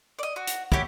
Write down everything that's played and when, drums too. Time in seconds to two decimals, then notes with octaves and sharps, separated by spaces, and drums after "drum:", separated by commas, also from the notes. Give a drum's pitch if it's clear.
0.19 D5 D#5
0.36 F#4
0.47 drum: hi-hat
0.72 E4 F#4 G4 C#5, drum: kick